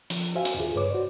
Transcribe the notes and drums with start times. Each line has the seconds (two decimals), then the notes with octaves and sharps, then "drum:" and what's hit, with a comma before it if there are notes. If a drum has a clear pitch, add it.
0.10 F3, drum: hi-hat
0.35 F#4 C5 E5 F5 G#5
0.45 drum: hi-hat
0.56 D#2 F4 G#4
0.75 G2 B4 C#5 D6
0.90 F#4 C5 D5